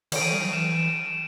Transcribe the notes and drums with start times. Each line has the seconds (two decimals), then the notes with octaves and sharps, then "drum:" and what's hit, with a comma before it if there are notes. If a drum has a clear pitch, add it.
0.12 D#3 D7, drum: cymbal
0.21 E3 D#7
0.32 G3
0.43 F#3
0.53 E3 E7